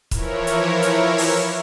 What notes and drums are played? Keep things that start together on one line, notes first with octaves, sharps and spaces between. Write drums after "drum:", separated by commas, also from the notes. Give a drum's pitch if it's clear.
E3 F3 E4 A#4 C#5, drum: kick, hi-hat
drum: hi-hat
drum: hi-hat
drum: open hi-hat